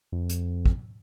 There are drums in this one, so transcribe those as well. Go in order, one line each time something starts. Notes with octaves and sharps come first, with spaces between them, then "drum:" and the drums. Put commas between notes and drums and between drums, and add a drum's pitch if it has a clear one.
F2
drum: hi-hat
drum: kick